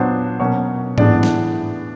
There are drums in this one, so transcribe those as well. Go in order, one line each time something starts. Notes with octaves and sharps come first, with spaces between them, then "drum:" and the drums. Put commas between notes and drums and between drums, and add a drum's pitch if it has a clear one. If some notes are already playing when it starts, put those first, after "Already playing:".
Already playing: A#2 F#3 B3 D4 C5
B2 F#3 A#3 C#4 C#5
A2 E3 G#3 B3 D4 D5, drum: tom G#2
drum: snare